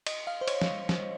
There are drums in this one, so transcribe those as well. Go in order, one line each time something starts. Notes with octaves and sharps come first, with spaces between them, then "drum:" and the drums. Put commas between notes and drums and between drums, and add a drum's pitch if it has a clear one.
D#5, drum: cymbal
F5
C5
C#5, drum: cymbal
drum: snare
drum: snare